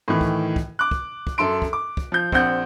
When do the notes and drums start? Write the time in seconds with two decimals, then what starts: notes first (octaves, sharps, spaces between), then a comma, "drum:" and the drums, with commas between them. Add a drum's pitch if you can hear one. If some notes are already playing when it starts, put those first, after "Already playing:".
0.08 A2 D#3 E3
0.21 drum: kick
0.56 drum: kick
0.79 D6 F#6
0.91 drum: kick
1.27 drum: kick
1.38 F#2 A4 E5 C6 D7
1.62 drum: kick
1.73 D6
1.97 drum: kick
2.12 F3 G6
2.32 A#1 C4 F#5 G6, drum: kick